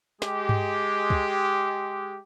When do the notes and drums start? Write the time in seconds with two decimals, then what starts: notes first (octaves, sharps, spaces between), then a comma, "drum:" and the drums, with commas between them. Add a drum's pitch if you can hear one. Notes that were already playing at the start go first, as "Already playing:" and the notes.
0.22 G#3 G4, drum: snare
0.49 drum: tom G2
1.10 drum: kick